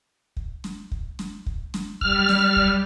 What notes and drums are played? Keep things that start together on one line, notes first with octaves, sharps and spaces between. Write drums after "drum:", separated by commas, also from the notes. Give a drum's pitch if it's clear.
drum: kick
drum: snare
drum: kick
drum: snare
drum: kick
drum: snare
G3 F6, drum: kick
drum: snare
drum: kick